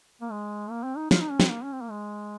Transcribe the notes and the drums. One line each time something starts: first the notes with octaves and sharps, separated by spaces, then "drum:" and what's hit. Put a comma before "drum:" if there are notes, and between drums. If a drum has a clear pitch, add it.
A#3
G#3
A#3
C4
D#4
F4, drum: snare
D#4
C#4
C4, drum: snare
A#3
C#4
C4
A#3
G#3